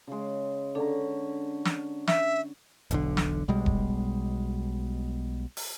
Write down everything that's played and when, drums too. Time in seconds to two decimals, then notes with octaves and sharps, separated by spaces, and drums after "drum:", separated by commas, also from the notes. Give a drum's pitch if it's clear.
0.07 C#3 G#3
0.75 D3 C#4 D4 A4 A#5
1.65 drum: snare
2.07 E5, drum: snare
2.91 E1 B1 D3, drum: hi-hat
3.17 drum: snare
3.48 B1 B2 G3 G#3
3.66 drum: kick E1
5.57 drum: open hi-hat